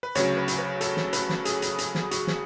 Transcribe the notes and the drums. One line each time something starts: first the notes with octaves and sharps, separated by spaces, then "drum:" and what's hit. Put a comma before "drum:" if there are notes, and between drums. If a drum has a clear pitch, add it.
B4
D2 C#3 F#3 C#5, drum: hi-hat
B4
drum: hi-hat
B4
A4, drum: hi-hat
drum: snare
B4, drum: hi-hat
drum: snare
G#4, drum: hi-hat
drum: hi-hat
drum: hi-hat
drum: snare
F#4, drum: hi-hat
drum: snare